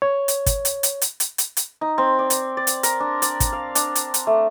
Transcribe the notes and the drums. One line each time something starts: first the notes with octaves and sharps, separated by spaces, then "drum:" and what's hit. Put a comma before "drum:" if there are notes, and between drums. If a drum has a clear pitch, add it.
C#5
drum: hi-hat
drum: kick, hi-hat
drum: hi-hat
drum: hi-hat
drum: hi-hat
drum: hi-hat
drum: hi-hat
drum: hi-hat
D#4
C4
D5
drum: hi-hat
D5
drum: hi-hat
A#4, drum: hi-hat
D4
D5, drum: hi-hat
drum: kick, hi-hat
F5
D4, drum: hi-hat
drum: hi-hat
drum: hi-hat
A3